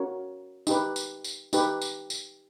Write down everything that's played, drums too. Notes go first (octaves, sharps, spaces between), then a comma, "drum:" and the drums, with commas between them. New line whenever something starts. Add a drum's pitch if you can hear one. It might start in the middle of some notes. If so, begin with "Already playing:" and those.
Already playing: C#4 F#4 A#4 C#5
D#4 G4 B4, drum: tambourine
drum: tambourine
drum: tambourine
D#4 G4 B4, drum: tambourine
drum: tambourine
drum: tambourine